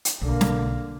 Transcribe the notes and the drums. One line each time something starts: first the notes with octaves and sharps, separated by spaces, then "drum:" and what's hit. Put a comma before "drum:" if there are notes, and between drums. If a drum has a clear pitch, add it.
drum: hi-hat
B1 D3 A#3
drum: snare